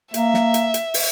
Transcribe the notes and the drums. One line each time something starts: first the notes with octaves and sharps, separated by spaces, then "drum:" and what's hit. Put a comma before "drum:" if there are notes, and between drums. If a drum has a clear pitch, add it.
A#3 E5, drum: hi-hat
drum: snare
drum: hi-hat
drum: hi-hat
drum: open hi-hat